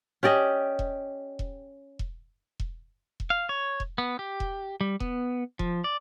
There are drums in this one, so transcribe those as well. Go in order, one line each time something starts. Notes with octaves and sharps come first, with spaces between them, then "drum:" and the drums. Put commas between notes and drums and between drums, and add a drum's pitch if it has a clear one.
C#4 G4 D5 D#5
drum: kick E1
drum: kick E1
drum: kick E1
drum: kick E1
drum: kick E1
F5
C#5
drum: kick E1
B3
G4
drum: kick E1
G3
B3, drum: kick E1
F3, drum: kick E1
D5